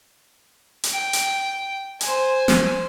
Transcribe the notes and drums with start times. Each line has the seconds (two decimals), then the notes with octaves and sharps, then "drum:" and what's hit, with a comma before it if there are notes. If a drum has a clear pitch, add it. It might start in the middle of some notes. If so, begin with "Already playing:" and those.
0.83 drum: hi-hat
0.93 G5
1.13 drum: hi-hat
2.01 C5 G#5, drum: hi-hat
2.48 drum: snare